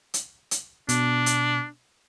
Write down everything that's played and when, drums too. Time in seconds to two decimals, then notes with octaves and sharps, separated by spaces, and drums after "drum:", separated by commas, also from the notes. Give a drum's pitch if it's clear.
0.14 drum: hi-hat
0.51 drum: hi-hat
0.89 B2 D4, drum: hi-hat
1.26 drum: hi-hat